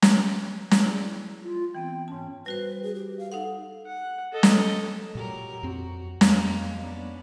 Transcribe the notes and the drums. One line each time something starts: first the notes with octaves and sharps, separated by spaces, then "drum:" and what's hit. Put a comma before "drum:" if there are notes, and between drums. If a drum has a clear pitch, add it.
drum: snare
drum: snare
E4 G#4 D5
F4
E3 B3 C4 G5
G#2 C#4 A5
G3 F#4 B4 C5
G#4
G4
F5
D#4 A4 F5 F#5
F#5
A4 D#5
drum: snare
A#2 F#3 G4 A#4
F2 C4 F#4
F2 G#3 A#3, drum: snare
B3 C#4 D4